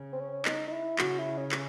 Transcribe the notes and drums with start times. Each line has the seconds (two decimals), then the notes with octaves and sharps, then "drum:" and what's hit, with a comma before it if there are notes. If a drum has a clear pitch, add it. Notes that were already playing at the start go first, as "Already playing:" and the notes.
Already playing: C#3
0.13 C4
0.19 C#4
0.45 D#4, drum: clap
0.68 D#4
0.72 E4
0.99 C#3 F#4, drum: clap
1.19 E4
1.38 C#4
1.52 drum: clap